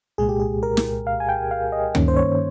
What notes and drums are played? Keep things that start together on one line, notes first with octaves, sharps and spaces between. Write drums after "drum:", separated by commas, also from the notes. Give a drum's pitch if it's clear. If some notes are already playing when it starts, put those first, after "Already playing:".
C2 A#2 G#3 G#4
G4
G#4
A#4
drum: snare
F5
G#5
G5
F5
D#5
G2 D#3 A#3 C#4, drum: tom D2
C5
C#5